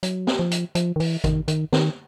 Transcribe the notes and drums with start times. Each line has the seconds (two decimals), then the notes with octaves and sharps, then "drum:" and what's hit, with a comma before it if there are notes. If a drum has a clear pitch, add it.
0.03 F#3, drum: hi-hat
0.27 drum: snare
0.39 F3
0.51 drum: hi-hat
0.75 F3, drum: hi-hat
0.96 D#3
1.00 E3, drum: open hi-hat
1.24 D#3, drum: kick G#1, hi-hat
1.48 D#3, drum: hi-hat
1.73 D#3, drum: snare